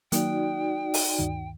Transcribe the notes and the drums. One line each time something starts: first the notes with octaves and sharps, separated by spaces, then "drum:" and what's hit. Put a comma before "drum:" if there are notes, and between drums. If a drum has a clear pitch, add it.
D#3 F#3 A#3 D#4 F#4 D5 G5, drum: hi-hat
drum: open hi-hat
D2 G2 D#3